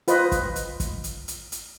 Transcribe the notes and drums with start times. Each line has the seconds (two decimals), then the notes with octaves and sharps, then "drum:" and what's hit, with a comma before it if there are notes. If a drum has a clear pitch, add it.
0.08 F4 B4 C5 D#5, drum: hi-hat
0.32 drum: kick, hi-hat
0.56 drum: hi-hat
0.80 drum: kick, hi-hat
1.04 drum: hi-hat
1.28 drum: hi-hat
1.52 drum: hi-hat